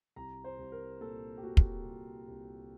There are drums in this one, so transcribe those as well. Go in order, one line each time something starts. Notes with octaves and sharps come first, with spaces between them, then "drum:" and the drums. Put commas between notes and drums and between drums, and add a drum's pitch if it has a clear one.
C2 A#5
C5
C2
A#4
A#2 A4
G4
A#2 F#4
drum: kick
C2
C2